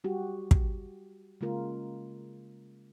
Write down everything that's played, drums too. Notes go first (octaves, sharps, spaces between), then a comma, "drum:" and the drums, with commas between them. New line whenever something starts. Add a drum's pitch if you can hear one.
G3 F#4 G4
drum: kick
C#3 G#3 A#3 F4 A#4